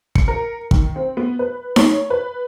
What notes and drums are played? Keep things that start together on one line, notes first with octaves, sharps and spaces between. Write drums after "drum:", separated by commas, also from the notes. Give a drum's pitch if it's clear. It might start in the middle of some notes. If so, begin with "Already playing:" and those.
C#7, drum: kick
A#4
D#3, drum: kick
C4
B3
B4
C#5, drum: snare D#4
B4